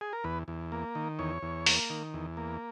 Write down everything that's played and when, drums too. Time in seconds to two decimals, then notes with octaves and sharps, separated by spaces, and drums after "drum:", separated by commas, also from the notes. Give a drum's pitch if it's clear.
0.01 G#4
0.13 A#4
0.24 E2 B4
0.48 E2
0.72 A#3
0.95 D#3
1.19 E2 C#5
1.43 E2
1.66 A#3, drum: open hi-hat
1.90 D#3
2.14 E2
2.37 A#3